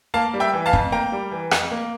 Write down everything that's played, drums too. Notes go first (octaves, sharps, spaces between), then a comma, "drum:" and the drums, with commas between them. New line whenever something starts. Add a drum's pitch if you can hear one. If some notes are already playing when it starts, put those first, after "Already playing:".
A#3 F5 A5
G3
E5 G5
E3
F5 A5
F2, drum: kick
A#3 G5 A#5
G3
E3
F2, drum: rim click
A#3